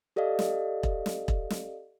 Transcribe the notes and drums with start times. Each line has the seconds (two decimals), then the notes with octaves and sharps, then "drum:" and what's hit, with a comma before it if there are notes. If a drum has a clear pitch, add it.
0.16 G4 A4 D5 D#5 F5
0.39 drum: snare
0.83 drum: kick E1
1.06 drum: snare
1.28 drum: kick E1
1.50 drum: snare